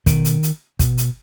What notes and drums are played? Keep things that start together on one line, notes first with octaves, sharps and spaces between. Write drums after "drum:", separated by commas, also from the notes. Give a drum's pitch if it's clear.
B2 D#3, drum: kick, hi-hat
drum: hi-hat
drum: hi-hat
B2, drum: kick, hi-hat
drum: hi-hat